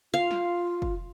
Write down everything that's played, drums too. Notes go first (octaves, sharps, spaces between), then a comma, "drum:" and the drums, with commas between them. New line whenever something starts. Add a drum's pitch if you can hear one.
F4 F5
drum: snare
drum: kick